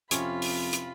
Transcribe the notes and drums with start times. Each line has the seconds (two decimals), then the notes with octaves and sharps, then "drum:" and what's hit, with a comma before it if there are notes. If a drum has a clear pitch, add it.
0.11 F2 C3 C#4 F4 B5, drum: hi-hat
0.42 drum: open hi-hat
0.73 drum: hi-hat